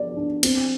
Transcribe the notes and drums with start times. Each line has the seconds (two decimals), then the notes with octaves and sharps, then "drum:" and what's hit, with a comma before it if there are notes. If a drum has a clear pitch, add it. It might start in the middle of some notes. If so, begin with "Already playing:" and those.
Already playing: D5
0.16 D4
0.43 C4, drum: cymbal